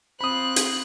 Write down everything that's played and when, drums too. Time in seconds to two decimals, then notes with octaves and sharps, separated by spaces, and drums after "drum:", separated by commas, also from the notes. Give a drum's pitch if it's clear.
0.21 C4 F4 B5 D#6 F#6
0.56 drum: hi-hat